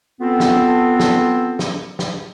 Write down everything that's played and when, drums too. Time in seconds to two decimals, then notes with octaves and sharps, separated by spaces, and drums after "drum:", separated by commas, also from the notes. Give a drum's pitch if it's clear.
0.20 B3 C4 F4 A4
0.40 drum: snare
1.00 drum: snare
1.59 drum: snare
1.99 drum: snare